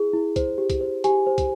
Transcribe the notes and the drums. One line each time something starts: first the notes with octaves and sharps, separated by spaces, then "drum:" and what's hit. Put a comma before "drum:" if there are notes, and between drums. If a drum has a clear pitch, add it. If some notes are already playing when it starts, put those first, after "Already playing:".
Already playing: E4 G#4
E4
C5, drum: kick, hi-hat
G4
drum: kick, hi-hat
C5
G4 G#5, drum: hi-hat
C5
drum: kick, hi-hat